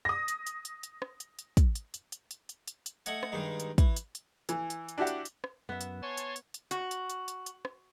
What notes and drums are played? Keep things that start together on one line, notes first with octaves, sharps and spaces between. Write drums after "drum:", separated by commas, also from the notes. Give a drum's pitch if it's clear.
D#6 A#6
drum: hi-hat
drum: hi-hat
drum: hi-hat
drum: hi-hat
drum: rim click
drum: hi-hat
drum: hi-hat
drum: kick, hi-hat
drum: hi-hat
drum: hi-hat
drum: hi-hat
drum: hi-hat
drum: hi-hat
drum: hi-hat
drum: hi-hat
A3 D#5 F#5 G#5, drum: hi-hat
drum: rim click
G2 D#3 G#3 D#4
drum: hi-hat
E3, drum: kick, hi-hat
drum: hi-hat
drum: hi-hat
E3, drum: hi-hat
drum: hi-hat
drum: hi-hat
D4 E4 F#4 G4 F#5
drum: hi-hat
drum: hi-hat
drum: rim click
F#2 B3 E5
drum: hi-hat
C#5 G#5 A5 C6
drum: hi-hat
drum: hi-hat
drum: hi-hat
F#4, drum: hi-hat
drum: hi-hat
drum: hi-hat
drum: hi-hat
drum: hi-hat
drum: rim click